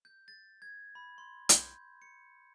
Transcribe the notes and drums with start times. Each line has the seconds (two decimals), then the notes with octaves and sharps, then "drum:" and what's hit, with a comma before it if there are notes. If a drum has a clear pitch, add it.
0.05 G6
0.28 A6
0.62 G#6
0.95 B5
1.18 C6
1.49 G6, drum: hi-hat
2.02 C#7